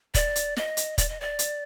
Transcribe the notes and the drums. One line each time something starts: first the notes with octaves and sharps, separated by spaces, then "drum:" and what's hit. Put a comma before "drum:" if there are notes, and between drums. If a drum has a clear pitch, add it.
D5, drum: kick, hi-hat
drum: hi-hat
D#5, drum: snare
drum: hi-hat
D5, drum: kick, hi-hat
D#5
D5
drum: hi-hat